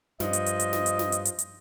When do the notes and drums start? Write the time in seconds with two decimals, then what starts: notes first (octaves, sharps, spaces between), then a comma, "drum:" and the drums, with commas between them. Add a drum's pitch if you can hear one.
0.20 G2 F3 D#5, drum: snare
0.33 drum: hi-hat
0.46 drum: hi-hat
0.60 drum: hi-hat
0.73 drum: snare
0.86 drum: hi-hat
0.99 drum: snare
1.12 drum: hi-hat
1.25 drum: hi-hat
1.39 drum: hi-hat